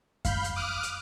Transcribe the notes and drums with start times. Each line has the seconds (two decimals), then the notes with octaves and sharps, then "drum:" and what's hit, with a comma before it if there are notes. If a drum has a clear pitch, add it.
0.25 F5 B5 G6, drum: kick F#2, hi-hat
0.44 drum: hi-hat
0.56 D6 D#6 F6 F#6 D7
0.83 drum: hi-hat